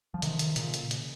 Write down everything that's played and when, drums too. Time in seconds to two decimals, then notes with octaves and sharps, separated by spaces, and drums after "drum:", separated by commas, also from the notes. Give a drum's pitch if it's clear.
0.14 F3
0.22 C3 D#3, drum: hi-hat
0.39 drum: hi-hat
0.56 A#2 C#3, drum: hi-hat
0.74 drum: hi-hat
0.91 drum: hi-hat